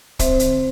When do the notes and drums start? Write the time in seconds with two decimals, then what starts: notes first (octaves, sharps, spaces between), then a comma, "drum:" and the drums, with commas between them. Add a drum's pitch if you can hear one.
0.19 C4 C5 E5, drum: kick, hi-hat
0.39 D3, drum: hi-hat